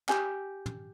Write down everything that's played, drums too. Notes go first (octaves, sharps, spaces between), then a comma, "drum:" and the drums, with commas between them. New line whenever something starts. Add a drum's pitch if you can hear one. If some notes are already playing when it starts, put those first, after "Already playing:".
G4 G#5, drum: clap
drum: tom